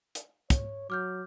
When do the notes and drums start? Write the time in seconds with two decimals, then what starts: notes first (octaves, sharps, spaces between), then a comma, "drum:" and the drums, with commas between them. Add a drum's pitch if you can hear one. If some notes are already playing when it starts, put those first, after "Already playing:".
0.15 drum: hi-hat
0.50 C#5, drum: kick, hi-hat
0.90 F#3 D6 F6 G6